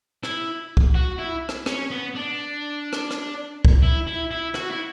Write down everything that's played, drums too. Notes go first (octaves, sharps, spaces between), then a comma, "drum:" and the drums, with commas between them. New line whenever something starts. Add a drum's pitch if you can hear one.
E4, drum: rim click
drum: kick C2
F#4
E4
drum: rim click
C#4, drum: rim click
B3
D4
drum: rim click
drum: rim click
drum: kick C2
E4
E4
E4
F#4, drum: rim click
E4